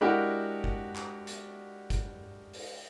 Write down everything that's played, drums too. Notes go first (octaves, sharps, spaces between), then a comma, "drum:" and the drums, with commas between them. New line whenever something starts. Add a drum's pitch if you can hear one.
G#3 D4 E4 F#4 G4 A#4
drum: kick F#1
drum: clap
drum: hi-hat
drum: kick F#1, hi-hat
drum: open hi-hat